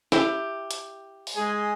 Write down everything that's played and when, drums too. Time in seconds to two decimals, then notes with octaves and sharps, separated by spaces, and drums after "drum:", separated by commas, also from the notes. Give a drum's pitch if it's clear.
0.12 E4 G4, drum: snare
0.71 drum: hi-hat
1.27 drum: open hi-hat
1.36 G#3 G#4 G#5